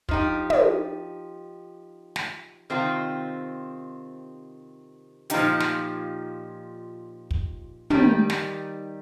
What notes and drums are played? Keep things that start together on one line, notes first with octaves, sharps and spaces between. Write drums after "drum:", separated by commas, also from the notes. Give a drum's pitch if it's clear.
F3 D#4 G4, drum: kick
drum: tom
drum: snare
C3 D#3 C4 F4
A#2 F3 D#4 G4, drum: hi-hat
drum: snare
drum: kick
D#3 G3 D#4 G4, drum: tom
drum: snare